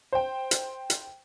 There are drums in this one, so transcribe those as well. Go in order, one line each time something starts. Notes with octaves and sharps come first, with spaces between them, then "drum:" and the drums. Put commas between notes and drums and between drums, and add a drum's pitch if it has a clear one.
C5 G5
drum: hi-hat
drum: hi-hat